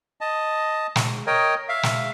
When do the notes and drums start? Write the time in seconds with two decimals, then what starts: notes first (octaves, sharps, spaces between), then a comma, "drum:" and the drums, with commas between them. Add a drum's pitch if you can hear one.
0.21 D#5 A5
0.96 drum: snare
1.27 A#4 C#5 D#5 G5
1.69 E5 F5
1.83 drum: snare